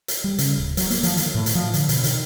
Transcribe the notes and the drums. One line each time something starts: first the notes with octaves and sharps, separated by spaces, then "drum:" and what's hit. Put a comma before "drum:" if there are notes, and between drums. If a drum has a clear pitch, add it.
drum: hi-hat
G3
C#3, drum: hi-hat
D1
F#3, drum: hi-hat
A#3, drum: hi-hat
F3, drum: hi-hat
D#3, drum: hi-hat
A2
drum: hi-hat
F3
D3, drum: hi-hat
B2, drum: hi-hat
D#3, drum: hi-hat